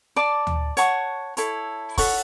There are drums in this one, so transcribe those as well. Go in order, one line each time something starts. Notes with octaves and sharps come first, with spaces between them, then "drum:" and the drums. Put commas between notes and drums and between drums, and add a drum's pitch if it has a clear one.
D5 A5 D6
drum: tom D2
C#5 F#5 A5 C#6, drum: hi-hat
E4 A4 C#5, drum: hi-hat
A4 C#5 F#5 C#6, drum: kick, open hi-hat